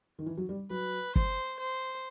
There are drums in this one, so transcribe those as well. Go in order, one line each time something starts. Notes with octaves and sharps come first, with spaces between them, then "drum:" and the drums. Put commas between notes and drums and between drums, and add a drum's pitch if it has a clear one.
D#3
E3
F#3
G3
F#3 B4
C5, drum: kick
C5